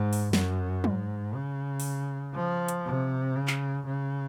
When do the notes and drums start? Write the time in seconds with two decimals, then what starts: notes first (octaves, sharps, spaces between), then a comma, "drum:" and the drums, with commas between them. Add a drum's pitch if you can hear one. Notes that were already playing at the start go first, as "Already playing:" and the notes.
Already playing: G#2
0.13 drum: open hi-hat
0.33 F#2, drum: snare
0.84 G#2, drum: tom F#3
1.35 C#3
1.80 drum: open hi-hat
2.35 F3
2.68 drum: hi-hat
2.85 C3
3.36 C#3
3.48 drum: clap
3.86 C#3